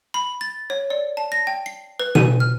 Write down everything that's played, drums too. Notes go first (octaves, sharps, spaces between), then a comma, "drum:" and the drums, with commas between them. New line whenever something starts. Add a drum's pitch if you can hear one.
B5
A6
C#5
D5
A5
A#6
G5
C7
B4
D#7, drum: tom B2
F6